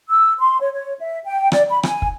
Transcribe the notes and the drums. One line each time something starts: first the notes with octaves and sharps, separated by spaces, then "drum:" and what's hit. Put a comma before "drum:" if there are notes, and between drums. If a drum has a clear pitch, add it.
E6
C6
C#5
C#5
E5
G5
D5, drum: rim click
B5
G#5, drum: rim click
drum: kick